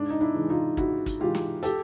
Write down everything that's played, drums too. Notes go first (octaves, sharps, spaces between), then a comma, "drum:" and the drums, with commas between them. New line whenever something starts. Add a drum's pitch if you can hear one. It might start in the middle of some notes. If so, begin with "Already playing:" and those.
Already playing: G#2 D4
D#4
D4 E4
E3 G#3
D#4 F4
G#2 E4 F#4, drum: kick
drum: kick, hi-hat
E3 G#3 F4 G4
drum: snare
G4 A4, drum: hi-hat